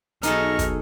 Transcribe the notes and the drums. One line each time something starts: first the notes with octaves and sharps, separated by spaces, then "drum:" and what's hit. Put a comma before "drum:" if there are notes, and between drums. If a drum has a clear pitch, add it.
B1 D#4 G#4 A4 D#5 C#6 F6, drum: hi-hat
drum: kick, hi-hat